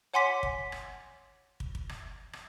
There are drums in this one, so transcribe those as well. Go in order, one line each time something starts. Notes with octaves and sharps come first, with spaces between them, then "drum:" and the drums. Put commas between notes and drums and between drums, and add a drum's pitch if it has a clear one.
C#5 F#5 G#5 C6 D6 B6
drum: kick
drum: rim click
drum: kick
drum: kick
drum: rim click
drum: rim click